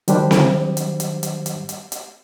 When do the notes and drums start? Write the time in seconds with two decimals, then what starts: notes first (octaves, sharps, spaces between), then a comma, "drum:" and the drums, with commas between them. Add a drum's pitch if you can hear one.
0.08 D#3 F#3 G3 D4 G4 C5, drum: hi-hat
0.31 drum: snare C4
0.77 drum: hi-hat
1.00 drum: hi-hat
1.23 drum: hi-hat
1.46 drum: hi-hat
1.69 drum: hi-hat
1.92 drum: hi-hat